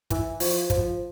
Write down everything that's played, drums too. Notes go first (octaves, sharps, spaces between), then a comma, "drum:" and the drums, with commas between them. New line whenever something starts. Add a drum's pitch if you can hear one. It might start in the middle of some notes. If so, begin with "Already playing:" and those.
E3, drum: kick, hi-hat
F3, drum: open hi-hat
F3, drum: kick, hi-hat